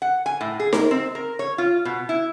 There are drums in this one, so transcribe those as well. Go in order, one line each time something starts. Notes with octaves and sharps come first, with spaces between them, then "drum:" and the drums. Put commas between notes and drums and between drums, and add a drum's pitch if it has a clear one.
F#5
G#5
A2
G#4
A#4, drum: snare D#4
C4
A#4
C#5
F4
B2
E4